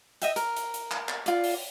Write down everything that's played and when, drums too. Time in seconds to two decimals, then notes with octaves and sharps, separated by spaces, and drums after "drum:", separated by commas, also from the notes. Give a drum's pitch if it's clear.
0.22 D#5 E5 G5, drum: hi-hat
0.36 A#4, drum: hi-hat
0.56 drum: hi-hat
0.74 drum: hi-hat
0.91 drum: clap
1.09 drum: clap
1.26 F4 D5, drum: hi-hat
1.44 drum: open hi-hat